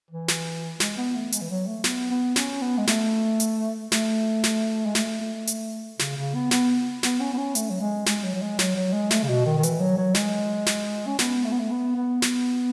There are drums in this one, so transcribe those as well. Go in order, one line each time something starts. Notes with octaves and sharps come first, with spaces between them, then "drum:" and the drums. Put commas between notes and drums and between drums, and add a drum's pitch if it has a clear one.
E3
drum: snare
G#3, drum: snare
B3
A3
G#3, drum: hi-hat
E3
F#3
A3
B3, drum: snare
B3
C#4, drum: snare
B3
G#3
A3, drum: snare
drum: hi-hat
A3, drum: snare
drum: snare
G#3
A3, drum: snare
A3
drum: hi-hat
C#3, drum: snare
C#3
B3
B3, drum: snare
B3, drum: snare
C#4
B3
C#4
A3, drum: hi-hat
F#3
G#3
G#3, drum: snare
F#3
F#3
G#3
F#3, drum: snare
F#3
G#3
A3, drum: snare
C#3
B2
D#3
D#3
E3, drum: hi-hat
F#3
F#3
G#3, drum: snare
drum: snare
C#4
B3, drum: snare
A3
B3
A3
B3
B3
B3, drum: snare